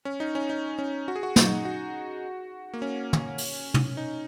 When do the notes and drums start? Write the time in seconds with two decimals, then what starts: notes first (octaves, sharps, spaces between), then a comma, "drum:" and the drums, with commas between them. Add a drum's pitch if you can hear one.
0.05 C#4
0.20 D#4
0.35 C#4
0.50 D#4
0.79 C#4
1.08 F#4
1.16 G#4
1.23 F#4
1.36 D#4, drum: snare
1.65 F#4
2.74 A#3
2.82 C#4
3.13 drum: tom
3.38 drum: open hi-hat
3.74 drum: tom
3.97 D#4